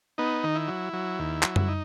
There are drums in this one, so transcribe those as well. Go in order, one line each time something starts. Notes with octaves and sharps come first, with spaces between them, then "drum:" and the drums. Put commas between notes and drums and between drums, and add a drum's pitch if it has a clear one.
B3 D#4
D#3
E4
F#3
F#3
D#2
F#3, drum: clap
drum: tom F#2
D#4